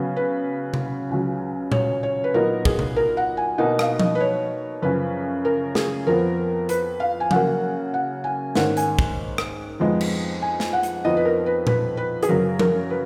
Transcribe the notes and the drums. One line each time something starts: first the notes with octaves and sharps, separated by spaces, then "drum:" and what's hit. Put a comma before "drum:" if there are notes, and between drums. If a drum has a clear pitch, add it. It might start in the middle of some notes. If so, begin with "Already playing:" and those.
Already playing: C#3 F#3 B3
B4
drum: tom C3
C#2 C#3 F#3
C#5, drum: tom A#2
C#5
B4
A#2 F#3 B3 D#4 A#4
G#4, drum: kick
drum: tom C3
A#4
F#5
G#5
B2 A#3 D#4 F#5
F5, drum: rim click
D#5, drum: tom F3
B4
C#5
F#2 C#3 F3 B4
A#4
G#4, drum: snare
F2 F3 B3 A#4
B4, drum: hi-hat
F5
G#5
C#3 F#3 A#3 F#5, drum: tom F3
F#5
G#5
G#2 D#3 A#3 C#4 F#5, drum: snare
G#5, drum: hi-hat
drum: kick
drum: rim click
F2 F3 G#3 B3 D#4
drum: cymbal
G#5
drum: snare
F#5
drum: hi-hat
F2 F3 B3 D#4 D#5
B4
A#4
B4
B4, drum: tom A#2
B4
G#4, drum: hi-hat
F#2 C#3 F#3 A#4
A#4, drum: tom F3
B4